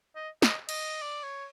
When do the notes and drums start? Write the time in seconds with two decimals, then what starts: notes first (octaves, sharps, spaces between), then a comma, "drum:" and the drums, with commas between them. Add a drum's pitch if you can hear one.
0.15 D#5
0.42 D#5, drum: snare
0.69 D#5, drum: cymbal
1.02 D5
1.23 C#5